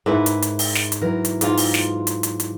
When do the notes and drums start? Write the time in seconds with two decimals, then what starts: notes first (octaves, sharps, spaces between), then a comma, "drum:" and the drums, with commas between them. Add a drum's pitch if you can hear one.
0.06 G#2 E4 A#4 B4 E5
0.26 drum: hi-hat
0.42 drum: hi-hat
0.59 drum: open hi-hat
0.75 drum: snare
0.92 drum: hi-hat
1.02 E3 F#3 A#4
1.25 drum: hi-hat
1.41 G#2 F4, drum: hi-hat
1.57 drum: open hi-hat
1.74 drum: snare
2.07 drum: hi-hat
2.23 drum: hi-hat
2.40 drum: hi-hat